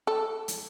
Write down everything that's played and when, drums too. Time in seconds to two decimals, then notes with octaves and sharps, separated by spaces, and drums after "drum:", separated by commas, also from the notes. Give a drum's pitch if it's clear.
0.07 A4
0.48 drum: hi-hat